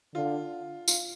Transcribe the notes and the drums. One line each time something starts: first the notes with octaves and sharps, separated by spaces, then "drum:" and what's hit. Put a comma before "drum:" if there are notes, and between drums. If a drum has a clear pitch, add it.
D3 F4
F4, drum: tambourine